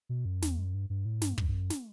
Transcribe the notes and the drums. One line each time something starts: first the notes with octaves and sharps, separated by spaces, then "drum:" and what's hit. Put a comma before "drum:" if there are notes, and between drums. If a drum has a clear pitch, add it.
B2
F#2
E2, drum: snare
F#2
G2
G2
A2
G2, drum: snare
G2, drum: kick
G2
F#2
drum: snare